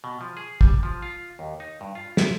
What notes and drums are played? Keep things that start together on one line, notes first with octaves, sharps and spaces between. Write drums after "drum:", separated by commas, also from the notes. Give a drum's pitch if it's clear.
B2
F3
G#4
G3, drum: kick
F3
F4
D#2
D#4
G2
F4
E4, drum: snare